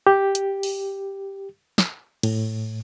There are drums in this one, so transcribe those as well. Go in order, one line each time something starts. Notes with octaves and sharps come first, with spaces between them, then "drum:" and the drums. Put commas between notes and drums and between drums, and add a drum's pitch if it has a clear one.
G4
drum: hi-hat
drum: open hi-hat
drum: snare
A2, drum: cymbal